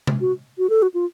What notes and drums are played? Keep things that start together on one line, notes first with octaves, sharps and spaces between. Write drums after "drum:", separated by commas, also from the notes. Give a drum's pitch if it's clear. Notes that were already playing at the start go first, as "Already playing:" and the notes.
drum: tom C3
F#4
F#4
A4
F#4
F4